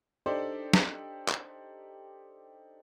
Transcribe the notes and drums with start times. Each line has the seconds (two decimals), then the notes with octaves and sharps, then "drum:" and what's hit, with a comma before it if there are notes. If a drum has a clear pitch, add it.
0.26 D4 D#4 G4 A4 C5 D5
0.74 drum: snare
1.29 drum: clap